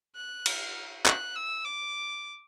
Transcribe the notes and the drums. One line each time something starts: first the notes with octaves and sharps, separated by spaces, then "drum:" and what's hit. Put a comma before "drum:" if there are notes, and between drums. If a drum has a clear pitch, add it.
F#6
F6, drum: cymbal
F#6, drum: clap
E6
D6